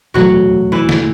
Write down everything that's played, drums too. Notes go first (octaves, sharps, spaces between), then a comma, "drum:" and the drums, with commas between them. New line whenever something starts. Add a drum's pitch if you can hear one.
E2 B2 F#3 A3 F#4
E3 E4
drum: snare